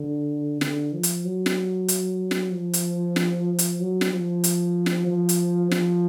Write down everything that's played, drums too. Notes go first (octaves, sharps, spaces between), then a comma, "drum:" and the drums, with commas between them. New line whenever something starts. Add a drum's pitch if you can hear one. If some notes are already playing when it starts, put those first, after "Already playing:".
Already playing: D3
D3, drum: snare
F3
drum: hi-hat
F#3
drum: snare
drum: hi-hat
drum: snare
F3
drum: hi-hat
drum: snare
drum: hi-hat
F#3
drum: snare
F3
drum: hi-hat
drum: snare
F3
drum: hi-hat
F3, drum: snare